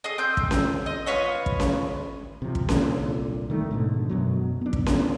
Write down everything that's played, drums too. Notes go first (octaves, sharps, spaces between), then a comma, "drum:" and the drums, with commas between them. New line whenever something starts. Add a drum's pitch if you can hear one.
G#4 D#5
C4 G6
drum: kick
drum: snare C#4
D#5
F4 B4 C#5 D#5
drum: kick
drum: snare C#4
C3 F3
drum: kick
C2 A#2 D3, drum: snare C#4
D#3 A3
G#2 B2 D3
F#2 B2 F#3
B3 D4
drum: kick
drum: snare C#4